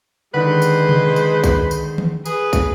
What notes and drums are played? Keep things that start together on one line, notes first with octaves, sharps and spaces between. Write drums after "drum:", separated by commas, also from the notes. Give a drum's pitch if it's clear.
D3 D#3 G#3 B4 C5
drum: tambourine
drum: tom C3
drum: tambourine
drum: kick, tambourine
drum: tambourine
drum: tom D#3
G#4 B4, drum: tambourine
drum: kick, tambourine